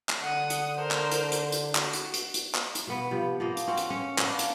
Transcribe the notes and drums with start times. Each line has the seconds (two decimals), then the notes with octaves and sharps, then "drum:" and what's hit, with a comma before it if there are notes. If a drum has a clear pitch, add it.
0.09 drum: clap
0.22 D3 F#5 D#6
0.50 drum: hi-hat
0.76 A#4 C5
0.91 drum: clap
1.11 drum: hi-hat
1.32 drum: hi-hat
1.52 drum: hi-hat
1.75 F#4, drum: clap
1.93 drum: hi-hat
2.14 drum: hi-hat
2.34 drum: hi-hat
2.55 drum: clap
2.75 drum: hi-hat
2.87 B2 B3
3.11 C3 F3 B3
3.40 F3 A#3 D#5
3.57 drum: hi-hat
3.67 C4 C#4 F#4
3.77 drum: hi-hat
3.90 C#4
4.18 A#3 B3 D4, drum: clap
4.39 drum: hi-hat